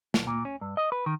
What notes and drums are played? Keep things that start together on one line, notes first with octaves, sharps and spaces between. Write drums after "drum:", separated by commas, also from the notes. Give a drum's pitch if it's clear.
B1, drum: snare
A#2
C#4
G2
D#5
B4
D#3